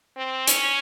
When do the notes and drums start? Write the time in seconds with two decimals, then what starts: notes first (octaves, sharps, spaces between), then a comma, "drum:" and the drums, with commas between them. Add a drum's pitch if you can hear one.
0.17 C4
0.48 C#4, drum: hi-hat